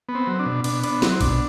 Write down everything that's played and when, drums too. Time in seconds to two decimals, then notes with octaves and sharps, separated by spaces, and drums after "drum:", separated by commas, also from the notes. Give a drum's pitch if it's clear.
0.09 B3
0.15 C4
0.27 F#3
0.39 D4
0.46 B2
0.64 B2 D4, drum: cymbal
0.83 B3 D4, drum: cymbal
1.02 F#3 C4, drum: snare
1.15 C4
1.21 B2 D4, drum: kick A#1, cymbal